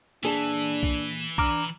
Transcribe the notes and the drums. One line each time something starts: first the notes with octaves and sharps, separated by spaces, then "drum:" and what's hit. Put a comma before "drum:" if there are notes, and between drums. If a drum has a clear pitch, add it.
A#2 E3 D4 G#4 A4
drum: kick
D4 A#5 D6 F6, drum: kick